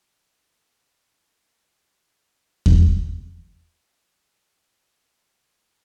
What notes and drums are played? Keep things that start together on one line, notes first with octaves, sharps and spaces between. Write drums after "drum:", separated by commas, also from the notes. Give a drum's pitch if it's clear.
A3
B3
A#4 C5
C4 D4 F4
D#2 A2 G3 A#3 B3 D#4
drum: kick E2
G2 C#3 B4 F#5 G6